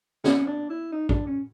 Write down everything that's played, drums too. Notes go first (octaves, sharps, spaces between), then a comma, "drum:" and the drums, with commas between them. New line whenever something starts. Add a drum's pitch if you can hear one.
C#4, drum: snare
D4
E4
D#4
D4, drum: kick
C#4